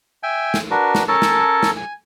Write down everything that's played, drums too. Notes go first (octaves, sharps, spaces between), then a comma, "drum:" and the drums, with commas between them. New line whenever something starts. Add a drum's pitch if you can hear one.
E5 G5 G#5
drum: snare
D4 F#4 A#4 B4
drum: snare
C#4 A4 A#4 C#5 A5
drum: snare
drum: snare
G#5